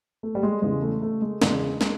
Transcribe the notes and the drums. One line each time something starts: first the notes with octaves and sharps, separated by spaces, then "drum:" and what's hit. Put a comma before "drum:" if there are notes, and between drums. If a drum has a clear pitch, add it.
A3
G3
G#3
E2 C#3 E3 G#3
A3
A3
G#3
E2 C#3 E3 G#3, drum: snare
G#3, drum: snare